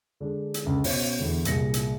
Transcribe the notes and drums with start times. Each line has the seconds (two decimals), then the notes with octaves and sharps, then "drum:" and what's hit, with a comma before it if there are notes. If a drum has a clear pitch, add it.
0.20 D3 G#3 D4
0.54 drum: hi-hat
0.64 C#2 D3
0.84 B2 C#4 F#4 C5, drum: open hi-hat
1.19 E2 D3
1.45 C2 A#2 G#4 A#6 C#7, drum: hi-hat
1.74 drum: hi-hat